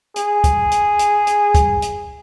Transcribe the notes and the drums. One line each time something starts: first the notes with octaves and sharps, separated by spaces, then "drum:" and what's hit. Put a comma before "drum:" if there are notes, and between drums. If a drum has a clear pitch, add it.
G#4, drum: hi-hat
drum: kick, hi-hat
drum: hi-hat
drum: hi-hat
drum: hi-hat
drum: kick, hi-hat
drum: hi-hat